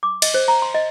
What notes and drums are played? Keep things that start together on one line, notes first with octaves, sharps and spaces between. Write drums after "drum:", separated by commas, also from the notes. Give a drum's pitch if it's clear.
D6
D#5, drum: cymbal
C5
A#5
C6
D#5